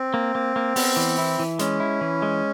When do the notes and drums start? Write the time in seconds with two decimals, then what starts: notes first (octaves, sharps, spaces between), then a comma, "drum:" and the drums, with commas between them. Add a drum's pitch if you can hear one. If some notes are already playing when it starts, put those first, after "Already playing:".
Already playing: C4
0.14 A#3
0.35 A#3
0.56 A#3
0.76 B3, drum: open hi-hat
0.96 E3
1.18 E4
1.39 E3
1.59 G#3 C#4, drum: hi-hat
1.80 E4
2.01 E3
2.22 G#3